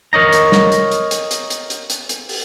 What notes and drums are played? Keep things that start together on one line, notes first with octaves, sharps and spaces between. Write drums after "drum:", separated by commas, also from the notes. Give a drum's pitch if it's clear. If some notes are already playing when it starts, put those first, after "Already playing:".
A#4 C#5 D#5 A#5
drum: hi-hat
drum: snare
drum: hi-hat
drum: hi-hat
drum: hi-hat
drum: hi-hat
drum: hi-hat
drum: hi-hat
drum: hi-hat
drum: hi-hat
drum: open hi-hat